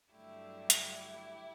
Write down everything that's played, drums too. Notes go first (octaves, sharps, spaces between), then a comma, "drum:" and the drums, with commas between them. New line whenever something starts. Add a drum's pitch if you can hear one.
G2 D3 F#3 A3 E4 G4
drum: hi-hat